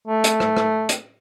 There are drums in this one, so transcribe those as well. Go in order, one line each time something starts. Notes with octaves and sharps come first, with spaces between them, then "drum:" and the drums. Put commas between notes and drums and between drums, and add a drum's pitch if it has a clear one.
A3
drum: hi-hat
drum: rim click
drum: rim click
drum: hi-hat